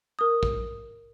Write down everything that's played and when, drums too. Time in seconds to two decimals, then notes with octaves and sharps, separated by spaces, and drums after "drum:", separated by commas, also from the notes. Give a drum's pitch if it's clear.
0.19 A#4 D#6
0.43 drum: kick